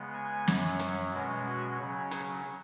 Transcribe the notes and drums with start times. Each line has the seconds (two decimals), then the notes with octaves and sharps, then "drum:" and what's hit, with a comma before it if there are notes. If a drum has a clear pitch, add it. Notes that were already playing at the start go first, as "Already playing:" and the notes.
Already playing: C#3 G#3 B3
0.14 G#5
0.48 F#2 F#3 C#4, drum: snare
0.80 drum: hi-hat
1.13 B2 G#3 C#4
1.46 F#4
1.79 C#3 F#3 C#4
2.11 G#4, drum: hi-hat